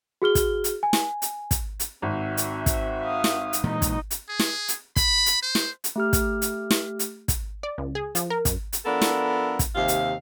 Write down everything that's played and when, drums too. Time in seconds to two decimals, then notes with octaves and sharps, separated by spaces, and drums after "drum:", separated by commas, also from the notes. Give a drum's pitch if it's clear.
0.22 F#4 G#4 F6 G7
0.35 drum: kick, hi-hat
0.64 drum: hi-hat
0.83 G#5
0.93 drum: snare
1.22 drum: hi-hat
1.51 drum: kick, hi-hat
1.80 drum: hi-hat
2.02 G#1 C4 F#4 E5
2.37 drum: hi-hat
2.66 drum: kick, hi-hat
3.04 F5 D#6
3.24 drum: snare
3.53 drum: hi-hat
3.64 A#2 E3 G#3 D#4 D#5
3.82 drum: kick, hi-hat
4.11 drum: hi-hat
4.29 G#4
4.39 drum: snare
4.68 drum: hi-hat
4.96 B5, drum: kick, hi-hat
5.26 drum: hi-hat
5.42 C5
5.55 drum: snare
5.84 drum: hi-hat
5.96 A3 G4 F6
6.13 drum: kick, hi-hat
6.42 drum: hi-hat
6.71 drum: snare
6.99 drum: hi-hat
7.28 drum: kick, hi-hat
7.63 D5
7.78 C#2
7.95 G#4
8.15 F3, drum: hi-hat
8.30 A#4
8.45 F#2, drum: kick, hi-hat
8.73 drum: hi-hat
8.85 F3 B3 D4 E4 A4 A#4
9.02 drum: snare
9.59 drum: kick, hi-hat
9.75 D#2 C3 F5
9.88 drum: hi-hat